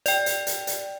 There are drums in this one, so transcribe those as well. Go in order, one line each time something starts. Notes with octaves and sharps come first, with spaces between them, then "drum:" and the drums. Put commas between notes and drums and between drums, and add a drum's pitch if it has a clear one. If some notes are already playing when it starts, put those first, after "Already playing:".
D5 G5, drum: hi-hat
drum: hi-hat
drum: hi-hat
drum: hi-hat